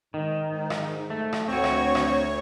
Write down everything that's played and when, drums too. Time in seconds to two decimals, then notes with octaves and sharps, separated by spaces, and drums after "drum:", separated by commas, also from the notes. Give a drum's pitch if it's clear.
0.14 G#2 D#3
0.48 G#2
0.70 drum: rim click
1.10 A3
1.33 drum: rim click
1.48 D2 C4 F#4 C#5 C#6
1.64 drum: rim click
1.95 drum: rim click